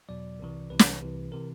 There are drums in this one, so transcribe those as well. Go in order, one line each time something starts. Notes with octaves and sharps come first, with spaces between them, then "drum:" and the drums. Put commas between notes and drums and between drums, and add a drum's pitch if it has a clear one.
E2 B2 F#3 D5
C2 C3 E3
C2 C3 E3 B4
drum: snare
C2 C3 E3
C3 E3 A#4